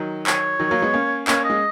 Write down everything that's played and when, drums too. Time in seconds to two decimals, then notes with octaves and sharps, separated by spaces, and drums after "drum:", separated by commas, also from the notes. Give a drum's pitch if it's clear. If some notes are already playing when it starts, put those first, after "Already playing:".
Already playing: D#3 F#3
0.27 C#5, drum: clap
0.59 D#3 F#3
0.71 F#3 A#3
0.82 G#3 B3
0.94 A#3 C#4
1.28 A#3 C#4 C#5, drum: clap
1.44 D#5
1.50 G#3